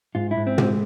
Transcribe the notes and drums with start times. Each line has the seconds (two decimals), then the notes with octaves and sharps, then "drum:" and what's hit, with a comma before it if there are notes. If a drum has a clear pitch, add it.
0.15 G#2 F4
0.31 E4
0.37 G#2
0.47 C4
0.58 G#3 C4, drum: tom